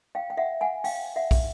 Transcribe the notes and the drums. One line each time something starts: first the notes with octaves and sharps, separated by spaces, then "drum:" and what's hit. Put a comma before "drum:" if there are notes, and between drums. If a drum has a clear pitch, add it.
F5 G5
G5
E5 F#5
F#5 G#5
F5 G5, drum: open hi-hat
E5 F#5
drum: kick, open hi-hat